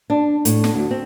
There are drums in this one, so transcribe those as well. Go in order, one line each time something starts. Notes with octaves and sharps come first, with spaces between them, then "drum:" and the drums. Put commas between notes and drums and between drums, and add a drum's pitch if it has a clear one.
D4
A2, drum: hi-hat
drum: snare
D2
C4